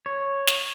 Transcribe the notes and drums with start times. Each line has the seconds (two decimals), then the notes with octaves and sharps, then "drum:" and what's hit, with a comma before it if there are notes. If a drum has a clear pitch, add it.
0.06 C#5
0.47 drum: snare